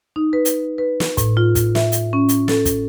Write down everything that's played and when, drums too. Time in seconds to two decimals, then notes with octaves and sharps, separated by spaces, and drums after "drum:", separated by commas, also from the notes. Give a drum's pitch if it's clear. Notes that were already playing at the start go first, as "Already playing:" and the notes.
0.16 D#4
0.33 B4
0.45 drum: hi-hat
0.78 B4
1.00 drum: snare
1.17 A2, drum: kick, hi-hat
1.37 F4
1.55 drum: kick, hi-hat
1.75 E5, drum: snare
1.92 drum: hi-hat
2.13 C#4
2.29 drum: hi-hat
2.48 A4, drum: snare
2.65 drum: kick, hi-hat